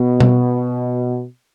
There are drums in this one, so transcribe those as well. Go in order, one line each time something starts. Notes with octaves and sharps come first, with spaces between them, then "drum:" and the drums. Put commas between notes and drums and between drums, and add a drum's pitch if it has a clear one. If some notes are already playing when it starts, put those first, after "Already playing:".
Already playing: B2
drum: tom B2